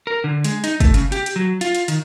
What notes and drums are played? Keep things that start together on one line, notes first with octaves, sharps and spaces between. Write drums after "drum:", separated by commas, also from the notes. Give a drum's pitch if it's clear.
A#4
D3
G#3, drum: hi-hat
D#4, drum: hi-hat
A3, drum: kick, hi-hat
C#3, drum: hi-hat
G4, drum: hi-hat
drum: hi-hat
F#3
F4, drum: hi-hat
drum: hi-hat
D#3, drum: hi-hat